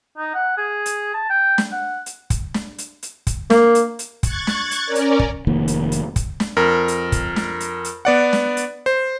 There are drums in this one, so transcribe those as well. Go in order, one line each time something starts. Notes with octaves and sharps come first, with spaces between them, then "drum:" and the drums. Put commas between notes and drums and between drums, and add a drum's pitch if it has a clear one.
D#4
F#5
G#4
drum: hi-hat
A5
G5
drum: snare
F#5
drum: hi-hat
drum: kick, hi-hat
drum: snare
drum: hi-hat
drum: hi-hat
drum: kick, hi-hat
A#3, drum: snare
drum: hi-hat
drum: hi-hat
C#6 F#6 G#6 A6, drum: kick, hi-hat
drum: snare
drum: hi-hat
C#4 A#4 D5
drum: hi-hat
drum: kick
F1 D#3 A#3
drum: hi-hat
drum: hi-hat
drum: kick, hi-hat
drum: snare
F2 A#4
drum: hi-hat
drum: kick, hi-hat
drum: snare
drum: hi-hat
drum: hi-hat
B3 D5 F#5
drum: snare
drum: hi-hat
C5